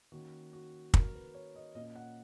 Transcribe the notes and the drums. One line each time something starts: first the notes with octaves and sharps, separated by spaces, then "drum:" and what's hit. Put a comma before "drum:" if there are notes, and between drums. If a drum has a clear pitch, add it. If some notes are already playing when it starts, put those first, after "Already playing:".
D#3 A#3 C#4 F#4
F#4
A#4, drum: kick
B4
C#5
D#5
A#2 A#3 C#4 D#5
F#5